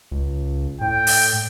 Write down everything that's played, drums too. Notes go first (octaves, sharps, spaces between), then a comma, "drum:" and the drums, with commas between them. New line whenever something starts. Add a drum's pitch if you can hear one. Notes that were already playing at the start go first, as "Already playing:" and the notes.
C#2
A2 G5
drum: open hi-hat